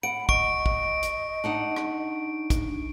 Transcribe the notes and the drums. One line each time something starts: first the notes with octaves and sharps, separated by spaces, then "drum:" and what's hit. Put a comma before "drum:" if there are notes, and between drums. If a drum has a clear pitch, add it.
F#5 B5 D7
D#5 C#6 D7, drum: kick
drum: kick
drum: hi-hat
D4 D#4 F#5
drum: rim click
drum: kick, hi-hat